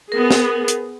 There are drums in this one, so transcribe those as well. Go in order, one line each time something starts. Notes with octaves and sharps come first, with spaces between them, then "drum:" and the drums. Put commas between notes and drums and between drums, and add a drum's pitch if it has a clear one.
B3 G#4 A#4
drum: snare
drum: hi-hat